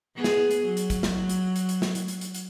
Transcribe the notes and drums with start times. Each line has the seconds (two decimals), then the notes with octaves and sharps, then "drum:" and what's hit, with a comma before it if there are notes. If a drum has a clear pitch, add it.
0.15 B3 G#4
0.24 drum: snare
0.51 drum: hi-hat
0.64 F#3
0.77 drum: hi-hat
0.90 drum: kick, hi-hat
1.03 drum: snare
1.29 drum: hi-hat
1.56 drum: hi-hat
1.69 drum: hi-hat
1.82 drum: snare
1.95 drum: hi-hat
2.08 drum: hi-hat
2.21 drum: hi-hat
2.35 drum: hi-hat